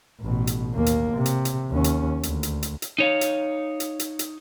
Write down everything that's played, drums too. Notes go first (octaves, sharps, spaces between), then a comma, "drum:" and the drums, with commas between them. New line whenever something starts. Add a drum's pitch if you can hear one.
A1 B2
drum: hi-hat
D#2 A#3
drum: hi-hat
C3
drum: hi-hat
drum: hi-hat
D#2 C#4
drum: hi-hat
D2, drum: hi-hat
drum: hi-hat
drum: hi-hat
drum: hi-hat
D#4 C#5 F5
drum: hi-hat
drum: hi-hat
drum: hi-hat
drum: hi-hat